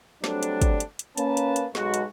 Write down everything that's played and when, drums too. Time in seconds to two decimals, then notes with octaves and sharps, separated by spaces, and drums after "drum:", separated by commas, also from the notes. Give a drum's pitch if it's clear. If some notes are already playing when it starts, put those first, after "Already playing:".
0.24 F#3 G3 A3 C4 D4, drum: snare
0.43 drum: hi-hat
0.61 drum: kick, hi-hat
0.80 drum: hi-hat
0.99 drum: hi-hat
1.17 A#3 C#4 B4 A5, drum: hi-hat
1.37 drum: hi-hat
1.56 drum: hi-hat
1.75 B1 G#3 F#4, drum: snare
1.94 drum: hi-hat